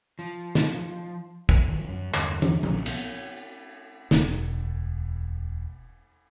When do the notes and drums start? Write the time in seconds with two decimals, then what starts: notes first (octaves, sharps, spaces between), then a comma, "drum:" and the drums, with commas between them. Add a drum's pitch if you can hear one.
0.19 F3
0.55 drum: snare
1.49 E2, drum: kick
1.69 D#3 F3
1.88 F#2
2.14 E2 G2 D3, drum: clap
2.42 drum: tom
2.63 B1 A#2 C#3, drum: tom F3
2.86 B3, drum: cymbal
4.11 E1 D2, drum: snare